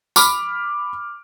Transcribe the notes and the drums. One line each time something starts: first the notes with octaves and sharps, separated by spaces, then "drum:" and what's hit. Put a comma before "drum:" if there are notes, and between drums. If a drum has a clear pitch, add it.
B5 D6 F6, drum: tambourine